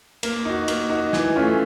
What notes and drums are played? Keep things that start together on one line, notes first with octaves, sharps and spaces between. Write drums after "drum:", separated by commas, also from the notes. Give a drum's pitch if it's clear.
A#3, drum: cymbal
D#4 F#4
A#3, drum: cymbal
D#4 F#4
E3, drum: snare
A3 C#4 F4